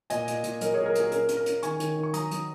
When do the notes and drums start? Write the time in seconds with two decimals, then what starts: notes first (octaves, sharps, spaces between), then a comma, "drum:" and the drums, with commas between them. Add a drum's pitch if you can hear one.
0.10 A#2 D#5 G#5, drum: hi-hat
0.28 A#2, drum: hi-hat
0.44 A#2, drum: hi-hat
0.61 F#3 A#4 D#5, drum: hi-hat
0.74 A#2 G#4 C#5
0.86 A#4
0.95 A#2 G#4, drum: hi-hat
1.11 C#4 A#4, drum: hi-hat
1.28 C#4, drum: hi-hat
1.37 A#4
1.46 C#4, drum: hi-hat
1.63 D#3 G#5 C#6, drum: hi-hat
1.80 D#3, drum: hi-hat
1.96 D#3
2.03 C#6
2.13 F#3 A#5 D#6, drum: hi-hat
2.31 F#3, drum: hi-hat